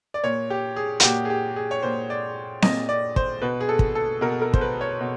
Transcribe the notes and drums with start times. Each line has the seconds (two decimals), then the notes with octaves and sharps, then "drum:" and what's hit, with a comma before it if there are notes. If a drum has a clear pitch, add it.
0.14 D5
0.24 A#2 C#5
0.50 G4
0.76 G#4
1.00 F#4, drum: hi-hat
1.03 A#2 G4
1.25 G#4
1.30 G4
1.56 G#4
1.71 C#5
1.83 A#2 C5
2.10 D5
2.62 A#2 D#5, drum: snare C4
2.89 D5
3.16 C5, drum: kick
3.42 B2 B4
3.61 G#4
3.69 A4
3.79 drum: kick
3.95 A4
4.21 B2 A#4
4.42 A#4
4.54 C5, drum: kick
4.61 B4
4.81 C#5
5.01 B2